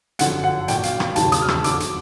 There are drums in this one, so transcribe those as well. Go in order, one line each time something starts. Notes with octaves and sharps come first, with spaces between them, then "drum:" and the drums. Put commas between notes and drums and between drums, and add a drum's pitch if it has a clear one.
G1 F#2 D3 F3 F#5, drum: hi-hat
F#5
A#1 A#2 F#3 G5, drum: hi-hat
F5, drum: hi-hat
F5, drum: rim click
E1 D#2 C#3 F#3 A5, drum: hi-hat
D#6, drum: hi-hat
F6
E6, drum: rim click
G1 F2 D3 F#3 D6, drum: hi-hat
drum: hi-hat